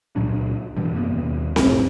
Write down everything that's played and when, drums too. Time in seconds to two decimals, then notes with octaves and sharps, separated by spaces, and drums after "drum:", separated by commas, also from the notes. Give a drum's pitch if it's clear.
0.16 C#2 A#2 F#3 D4
0.76 G2 B2 E3 G3
0.93 F#2 A#3 B3
1.10 D#2 B2
1.56 F1 B1 A2, drum: snare C4